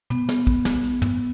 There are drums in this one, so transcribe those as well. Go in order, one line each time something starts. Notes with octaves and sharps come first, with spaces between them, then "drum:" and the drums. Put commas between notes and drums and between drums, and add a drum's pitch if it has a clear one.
B3, drum: tom
drum: snare
drum: kick
drum: snare
drum: hi-hat
drum: tom